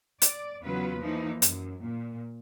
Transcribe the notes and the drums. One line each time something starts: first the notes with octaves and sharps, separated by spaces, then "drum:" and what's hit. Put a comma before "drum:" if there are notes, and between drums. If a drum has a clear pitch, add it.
D5, drum: hi-hat
E2 C#3 F#3 B3 F4 B4
E3 F3 A#3 D#4
F#2, drum: hi-hat
A#2